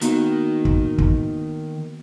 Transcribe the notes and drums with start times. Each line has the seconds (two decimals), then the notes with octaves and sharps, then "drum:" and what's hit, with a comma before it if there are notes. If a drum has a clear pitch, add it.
0.01 D#3 A#3 B3 F#4, drum: hi-hat
0.65 drum: kick
0.98 drum: kick